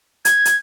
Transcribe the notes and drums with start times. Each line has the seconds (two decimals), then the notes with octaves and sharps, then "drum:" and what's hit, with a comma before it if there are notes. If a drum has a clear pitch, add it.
0.25 G#6, drum: hi-hat
0.45 drum: hi-hat